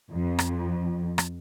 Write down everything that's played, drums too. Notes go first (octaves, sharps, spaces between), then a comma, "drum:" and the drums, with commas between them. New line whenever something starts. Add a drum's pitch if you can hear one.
F2
drum: rim click
drum: rim click